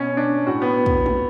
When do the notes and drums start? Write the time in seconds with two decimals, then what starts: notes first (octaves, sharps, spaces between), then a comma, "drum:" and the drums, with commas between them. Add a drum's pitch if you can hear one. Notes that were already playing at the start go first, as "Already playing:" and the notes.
Already playing: B2 C#4
0.17 D4
0.47 A2 F#4
0.62 B3
0.86 drum: kick
1.06 drum: tom